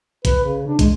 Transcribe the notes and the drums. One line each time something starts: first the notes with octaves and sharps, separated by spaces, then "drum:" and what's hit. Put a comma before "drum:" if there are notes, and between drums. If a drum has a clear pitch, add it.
B4, drum: kick, hi-hat
C#3
D4
G#3, drum: kick, hi-hat